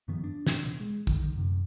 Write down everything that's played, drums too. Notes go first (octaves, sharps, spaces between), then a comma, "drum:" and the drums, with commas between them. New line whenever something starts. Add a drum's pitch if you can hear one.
G2 D#3 F3 B3
D4
drum: snare
B2
G#3
D3 D#3, drum: kick
F#2 C3